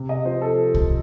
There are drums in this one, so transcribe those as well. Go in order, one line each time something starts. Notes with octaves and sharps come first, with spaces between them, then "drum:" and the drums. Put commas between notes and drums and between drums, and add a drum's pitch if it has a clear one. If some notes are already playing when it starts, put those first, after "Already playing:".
Already playing: C3
D#5
F3 C5
A4
drum: kick C2